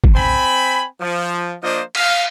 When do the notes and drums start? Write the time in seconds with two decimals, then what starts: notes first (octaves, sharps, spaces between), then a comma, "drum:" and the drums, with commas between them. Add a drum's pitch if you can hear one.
0.04 drum: kick
0.14 C4 G#5 B5
1.01 F3
1.62 F3 A#3 D4 C5 D#5
1.95 F5, drum: cymbal